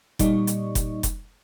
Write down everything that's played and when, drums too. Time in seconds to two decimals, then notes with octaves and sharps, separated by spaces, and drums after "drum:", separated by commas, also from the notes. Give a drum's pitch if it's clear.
0.19 A#2 G3 D#4 D5 D#5 C#6, drum: kick F1, hi-hat
0.47 drum: hi-hat
0.75 drum: kick F1, hi-hat
1.03 drum: kick F1, hi-hat